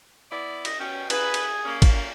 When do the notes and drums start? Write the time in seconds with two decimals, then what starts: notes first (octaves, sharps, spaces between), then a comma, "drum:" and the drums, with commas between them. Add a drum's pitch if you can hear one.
0.31 B3 E4 D5
0.65 D#5, drum: cymbal
0.80 B2 C#4 G5
1.10 G#4 B4, drum: cymbal
1.34 drum: cymbal
1.65 A#3 C#4
1.82 drum: kick, cymbal